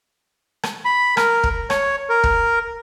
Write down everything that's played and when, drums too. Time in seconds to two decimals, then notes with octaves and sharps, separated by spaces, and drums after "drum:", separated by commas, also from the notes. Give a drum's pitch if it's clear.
0.63 drum: rim click
0.85 B5
1.17 A#4, drum: rim click
1.43 drum: kick
1.70 C#5, drum: rim click
2.09 A#4
2.24 drum: kick